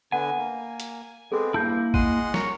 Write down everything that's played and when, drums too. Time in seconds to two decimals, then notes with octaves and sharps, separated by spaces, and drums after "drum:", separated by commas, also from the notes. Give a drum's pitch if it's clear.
0.12 D3 B3 F#5 G#5
0.38 A#3
0.80 drum: hi-hat
1.32 G#3 B3 C4 G#4 A4
1.54 G2 A#3 E4 A5 G6
1.94 G#3 F#5 C6 D#7, drum: kick
2.34 A#4 C#5, drum: snare